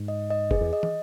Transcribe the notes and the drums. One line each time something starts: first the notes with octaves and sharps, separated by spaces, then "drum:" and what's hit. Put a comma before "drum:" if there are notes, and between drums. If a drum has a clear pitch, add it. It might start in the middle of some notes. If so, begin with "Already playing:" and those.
Already playing: G#2
D#5
D#5
G2 G#4, drum: kick F1
E2
D#5
drum: tom